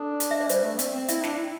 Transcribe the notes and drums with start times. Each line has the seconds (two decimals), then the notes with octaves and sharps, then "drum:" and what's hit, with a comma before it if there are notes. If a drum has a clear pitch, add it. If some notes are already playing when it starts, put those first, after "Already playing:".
Already playing: D4 A4
0.20 drum: hi-hat
0.31 E5
0.41 D5
0.49 G3 C5, drum: hi-hat
0.64 A3
0.79 C4, drum: hi-hat
0.94 C4
1.08 E4 E5, drum: hi-hat
1.23 D4 G5, drum: snare
1.38 E4